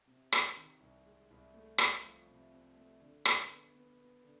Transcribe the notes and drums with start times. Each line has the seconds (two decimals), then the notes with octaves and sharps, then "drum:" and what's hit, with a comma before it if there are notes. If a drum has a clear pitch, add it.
0.07 C3
0.32 C3, drum: rim click
0.57 D#3
0.80 C2
1.06 G#3
1.30 C2
1.54 A3
1.78 C4, drum: rim click
2.04 F3
2.29 C3
2.53 C4
2.77 A3
3.01 D3
3.25 D3, drum: rim click
3.50 B3
3.75 B3
3.99 B3
4.24 D3